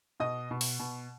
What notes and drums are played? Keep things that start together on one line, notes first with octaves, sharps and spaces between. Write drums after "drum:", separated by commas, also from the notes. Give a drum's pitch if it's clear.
B2 D#5 D#6
B2
drum: open hi-hat
B2